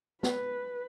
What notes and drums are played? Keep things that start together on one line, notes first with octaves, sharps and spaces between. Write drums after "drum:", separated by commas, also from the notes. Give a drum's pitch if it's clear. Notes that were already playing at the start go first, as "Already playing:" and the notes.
B4, drum: snare